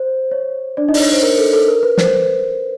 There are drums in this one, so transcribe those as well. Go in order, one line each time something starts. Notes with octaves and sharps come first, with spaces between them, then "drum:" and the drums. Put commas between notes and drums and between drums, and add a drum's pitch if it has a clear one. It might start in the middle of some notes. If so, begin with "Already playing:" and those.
Already playing: C5
C#5
D4 D5
D#4 D#5
D5, drum: open hi-hat
C#5
C5
A#4
A4
A4
A#4
B4
C5, drum: snare